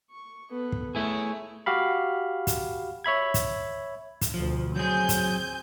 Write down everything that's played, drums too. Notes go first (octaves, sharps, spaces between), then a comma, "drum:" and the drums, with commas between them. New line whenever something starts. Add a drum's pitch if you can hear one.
C#6
B3 A4
drum: kick
A3 E4 G#4 C#5
F#4 G4 F5 B5
drum: kick, hi-hat
C#5 E5 B5 G#6
drum: kick, hi-hat
drum: kick, hi-hat
D2 B2 F3
F#3 C4 G#4 G#5 G6
drum: kick, hi-hat